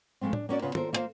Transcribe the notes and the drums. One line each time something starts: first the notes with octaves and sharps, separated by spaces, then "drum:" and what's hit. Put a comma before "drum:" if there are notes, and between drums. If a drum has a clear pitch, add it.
F3 G#3 A3 C4
D4, drum: tom A2
A#3 C#4 F#4 D5
C#3 B3 F4 B4
F4 A4 A#4 C5, drum: tom
A#3 E4 F4 C5 F5